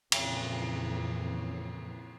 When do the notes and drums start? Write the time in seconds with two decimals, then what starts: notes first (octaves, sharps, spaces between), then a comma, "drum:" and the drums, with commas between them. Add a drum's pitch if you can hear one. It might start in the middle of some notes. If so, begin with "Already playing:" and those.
0.12 F2 A#2 C#3 E3, drum: cymbal